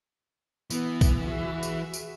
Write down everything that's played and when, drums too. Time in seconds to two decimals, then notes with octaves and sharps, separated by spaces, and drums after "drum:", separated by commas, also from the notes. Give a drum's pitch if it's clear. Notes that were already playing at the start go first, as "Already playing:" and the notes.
0.70 E3 B3, drum: tambourine
1.01 drum: kick, tambourine
1.25 F#4 G#4 E5
1.63 drum: tambourine
1.94 drum: tambourine